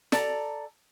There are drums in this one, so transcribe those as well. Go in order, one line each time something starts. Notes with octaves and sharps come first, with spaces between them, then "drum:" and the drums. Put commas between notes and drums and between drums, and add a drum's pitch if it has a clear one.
A4 D5 A5 A#5, drum: snare